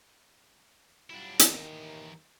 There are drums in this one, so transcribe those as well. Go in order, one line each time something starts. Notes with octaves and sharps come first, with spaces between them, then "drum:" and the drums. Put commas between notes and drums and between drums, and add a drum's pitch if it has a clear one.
F#3 G3 D4 E4 F4
D#2 D#3 E3 A#5, drum: hi-hat